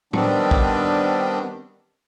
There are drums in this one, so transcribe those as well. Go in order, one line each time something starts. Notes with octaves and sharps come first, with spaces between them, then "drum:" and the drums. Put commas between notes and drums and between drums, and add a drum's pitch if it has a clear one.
D#3 G3 B3 C4 D4, drum: tom
drum: kick